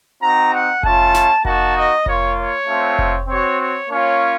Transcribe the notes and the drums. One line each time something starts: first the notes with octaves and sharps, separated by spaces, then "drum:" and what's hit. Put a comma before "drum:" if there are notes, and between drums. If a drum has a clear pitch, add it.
C4 D#4 F#4 A#5
F#5
A3 C#4 F4 A5, drum: kick F1
drum: snare
A#3 D#4 F#4 A5, drum: kick F1
D#5
A#3 F4 C#5, drum: kick F1
C#5
A3 C4 F4
drum: kick F1
C4 F#4 C#5
C#5
A#3 C#4 F4 C#5